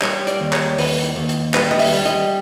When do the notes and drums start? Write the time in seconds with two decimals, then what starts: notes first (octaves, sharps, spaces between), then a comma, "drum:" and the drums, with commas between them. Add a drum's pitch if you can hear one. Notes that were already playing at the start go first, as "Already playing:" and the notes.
0.02 G3 C#5, drum: clap
0.27 D5, drum: hi-hat
0.40 D#2
0.53 C#5, drum: clap
0.78 D#2 B4, drum: open hi-hat
1.04 drum: hi-hat
1.16 D#2
1.29 drum: hi-hat
1.54 G3 B4, drum: clap
1.71 D#5
1.79 E5, drum: open hi-hat
1.93 G3
2.05 D#5, drum: hi-hat